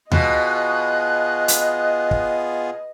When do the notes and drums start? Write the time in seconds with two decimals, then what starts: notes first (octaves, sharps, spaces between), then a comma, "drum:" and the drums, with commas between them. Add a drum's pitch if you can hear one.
0.12 B2 B3 F4 G#4 D#5 F#6, drum: tom D#2
1.48 drum: hi-hat
2.11 drum: kick